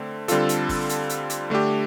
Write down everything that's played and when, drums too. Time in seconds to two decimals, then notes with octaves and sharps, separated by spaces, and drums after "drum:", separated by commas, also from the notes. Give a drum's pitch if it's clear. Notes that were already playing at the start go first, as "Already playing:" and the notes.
Already playing: D3 A3 C4
0.28 D3 G3 C4 F4 A4, drum: hi-hat
0.49 drum: hi-hat
0.69 drum: kick, open hi-hat
0.89 drum: hi-hat
1.09 drum: hi-hat
1.30 drum: hi-hat
1.50 D3 A3 D4 G4